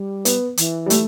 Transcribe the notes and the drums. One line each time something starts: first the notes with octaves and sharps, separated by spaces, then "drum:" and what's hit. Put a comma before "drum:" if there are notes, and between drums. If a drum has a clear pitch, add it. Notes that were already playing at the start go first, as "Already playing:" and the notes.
Already playing: G3
B3, drum: hi-hat
E3, drum: hi-hat
G3
A3, drum: hi-hat